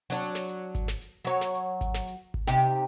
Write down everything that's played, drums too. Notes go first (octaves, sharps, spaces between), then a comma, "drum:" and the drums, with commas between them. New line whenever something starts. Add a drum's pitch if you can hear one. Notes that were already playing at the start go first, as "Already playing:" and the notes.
F#3 D4
drum: snare
drum: hi-hat
drum: kick G#1, hi-hat
drum: snare
drum: hi-hat
F#3 C#5
drum: snare
drum: hi-hat
drum: kick G#1, hi-hat
drum: snare
drum: hi-hat
drum: kick G#1
C3 D#4 G4, drum: snare
drum: hi-hat